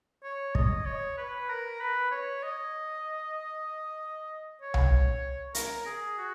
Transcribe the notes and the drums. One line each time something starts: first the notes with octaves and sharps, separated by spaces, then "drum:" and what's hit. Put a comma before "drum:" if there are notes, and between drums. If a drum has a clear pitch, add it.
C#5
D#5, drum: kick
C#5
B4
A#4
B4
C#5
D#5
C#5
drum: tom C2
A#4, drum: hi-hat
G#4
F#4